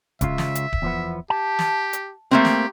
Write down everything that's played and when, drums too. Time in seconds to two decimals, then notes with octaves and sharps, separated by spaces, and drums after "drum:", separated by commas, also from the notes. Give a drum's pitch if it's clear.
0.21 C#2 C#3 F4 E5, drum: kick D1, hi-hat
0.38 drum: snare
0.55 drum: hi-hat
0.73 drum: kick D1
0.82 E2 F3 B3
1.30 G4 A5
1.59 drum: snare
1.93 drum: hi-hat
2.31 A3 A#3 C4 G4
2.45 drum: snare